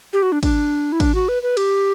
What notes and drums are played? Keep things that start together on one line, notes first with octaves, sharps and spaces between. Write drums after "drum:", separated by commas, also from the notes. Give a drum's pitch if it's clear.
G4
F#4
D4
D4, drum: kick, cymbal
E4
D4, drum: kick, cymbal
F#4
B4
B4
G4, drum: cymbal